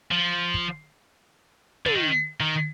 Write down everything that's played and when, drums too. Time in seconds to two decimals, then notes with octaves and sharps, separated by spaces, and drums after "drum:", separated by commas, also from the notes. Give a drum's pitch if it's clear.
0.11 F3
0.54 drum: kick
1.86 D3, drum: tom
1.95 D#3
2.40 D#3